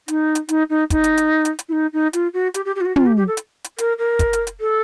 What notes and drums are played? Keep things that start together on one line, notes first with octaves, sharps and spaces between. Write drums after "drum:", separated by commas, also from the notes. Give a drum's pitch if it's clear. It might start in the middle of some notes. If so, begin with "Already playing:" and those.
D#4, drum: hi-hat
drum: hi-hat
D#4, drum: hi-hat
D#4
D#4, drum: kick, hi-hat
drum: hi-hat
drum: hi-hat
drum: hi-hat
drum: hi-hat
E4
D#4
D#4
F4, drum: hi-hat
F#4
G4, drum: hi-hat
G4
G4
F4
F#4
F4, drum: tom
G4
G4
A4
drum: hi-hat
drum: hi-hat
A#4, drum: hi-hat
A#4
drum: kick, hi-hat
drum: hi-hat
drum: hi-hat
A4